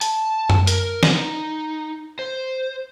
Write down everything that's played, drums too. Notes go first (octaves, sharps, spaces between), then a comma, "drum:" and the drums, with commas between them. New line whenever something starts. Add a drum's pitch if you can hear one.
A5, drum: hi-hat
drum: tom F#2
A#4, drum: hi-hat
drum: snare
D#4
C5